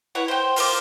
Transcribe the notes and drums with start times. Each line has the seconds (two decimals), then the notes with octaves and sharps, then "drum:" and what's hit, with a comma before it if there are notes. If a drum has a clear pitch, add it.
0.15 E4 B4 C#5 F#5
0.28 C5 G5
0.56 F4 A#4 C5 D6, drum: open hi-hat